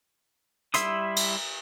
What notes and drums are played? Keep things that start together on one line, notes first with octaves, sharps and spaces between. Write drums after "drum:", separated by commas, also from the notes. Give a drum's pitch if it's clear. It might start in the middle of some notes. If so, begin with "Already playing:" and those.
G3 E4 E5 C6 D#6, drum: hi-hat
drum: cymbal